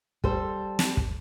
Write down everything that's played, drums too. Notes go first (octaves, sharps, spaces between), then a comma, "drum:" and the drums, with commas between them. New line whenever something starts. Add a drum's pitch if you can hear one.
G3 A4 C5, drum: kick
drum: snare
drum: kick